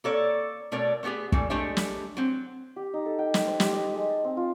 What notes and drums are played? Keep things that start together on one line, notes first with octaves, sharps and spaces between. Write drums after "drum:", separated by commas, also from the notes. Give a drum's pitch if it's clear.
A#3 A4 C#5 D5
B2 A3 A#4 C#5 D5
A3 B3 C#4 G4 G#4
E3 G3 A3, drum: kick
G#3 A3 D4 G4 C#5 E5
drum: snare
F#3 C4
G4
D#4
A4
G5
G5, drum: snare
C5
G4, drum: snare
D#5
G#3
A5
C4
F4